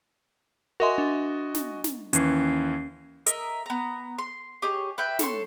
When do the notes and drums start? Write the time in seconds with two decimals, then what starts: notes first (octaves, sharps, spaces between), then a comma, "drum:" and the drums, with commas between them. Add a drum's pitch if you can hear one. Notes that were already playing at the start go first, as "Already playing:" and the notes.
0.80 F#4 A#4 D#5 E5 G#5 C6
0.98 D4
1.54 drum: snare
1.84 drum: snare
2.13 D#2 E3 C#4 C7, drum: hi-hat
3.26 A#4 D#5 E5, drum: hi-hat
3.66 B3 A#5
4.18 C6
4.62 G4 G#4 C#5 D#5
4.98 B4 E5 G5
5.19 A4 C#5 C6, drum: snare